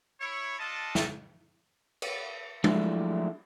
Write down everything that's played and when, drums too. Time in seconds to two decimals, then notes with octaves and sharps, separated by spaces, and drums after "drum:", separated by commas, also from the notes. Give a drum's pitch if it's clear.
0.20 E4 C#5
0.59 D4 F4 A4 D#5 A5
0.95 drum: snare
2.02 drum: cymbal
2.64 F3 F#3 G#3 A3 D4 E4, drum: tom